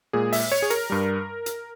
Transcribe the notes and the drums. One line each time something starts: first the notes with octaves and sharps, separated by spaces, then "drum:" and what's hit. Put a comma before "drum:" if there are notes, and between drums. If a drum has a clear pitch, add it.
A#2 G#3 G#4
E5, drum: open hi-hat
C#5
G#4
A#4, drum: hi-hat
G2 G3
drum: hi-hat